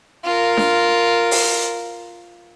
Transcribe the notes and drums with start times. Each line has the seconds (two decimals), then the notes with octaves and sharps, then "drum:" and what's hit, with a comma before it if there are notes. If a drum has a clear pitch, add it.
0.24 F4 A#4
0.57 drum: snare D4
1.31 drum: open hi-hat